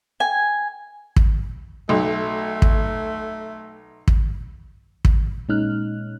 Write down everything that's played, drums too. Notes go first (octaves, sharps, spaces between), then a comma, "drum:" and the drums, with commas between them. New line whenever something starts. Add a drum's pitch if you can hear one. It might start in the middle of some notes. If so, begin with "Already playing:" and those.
G#5
drum: kick
B1 A3
drum: kick
drum: kick
drum: kick
A#2 G#3 C#4 D#4 F6 F#6